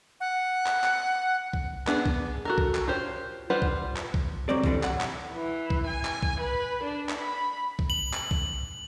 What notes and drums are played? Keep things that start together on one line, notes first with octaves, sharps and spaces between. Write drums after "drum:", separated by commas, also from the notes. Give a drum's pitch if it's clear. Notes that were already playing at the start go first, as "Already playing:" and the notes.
F#5
drum: clap
drum: clap
drum: kick C2
B3 D4 G#4, drum: clap
drum: kick C2
F#4 A4 A#4
drum: kick C2
drum: clap
F4 G4 C5 C#5
G3 F4 B4 C5 F#5
drum: kick C2
drum: clap
drum: kick C2
F#3 C4 D5
C2 F2 D3 E3 G3, drum: kick C2
B1 F#5, drum: clap
drum: clap
E3
drum: kick C2
G#5
drum: clap
drum: kick C2
B4
D4
drum: clap
B5
drum: kick C2
F#7
drum: clap
drum: kick C2